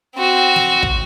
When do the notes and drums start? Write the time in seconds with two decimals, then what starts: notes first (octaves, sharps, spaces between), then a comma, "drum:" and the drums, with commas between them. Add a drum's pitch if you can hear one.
0.15 C4 F#4
0.56 drum: snare
0.83 drum: kick